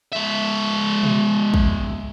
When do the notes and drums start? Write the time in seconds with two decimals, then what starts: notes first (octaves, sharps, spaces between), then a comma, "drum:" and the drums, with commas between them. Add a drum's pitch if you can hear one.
0.12 G#3 E5
1.03 drum: tom B2
1.54 drum: kick